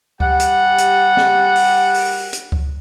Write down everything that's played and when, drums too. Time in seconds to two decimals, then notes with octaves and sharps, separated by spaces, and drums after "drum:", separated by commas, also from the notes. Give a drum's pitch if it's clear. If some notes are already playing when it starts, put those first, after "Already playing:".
0.20 G3 G4 F#5, drum: kick C#2
0.40 drum: hi-hat
0.78 drum: hi-hat
1.17 drum: snare
1.56 drum: open hi-hat
1.94 drum: open hi-hat
2.33 drum: hi-hat
2.52 drum: kick C#2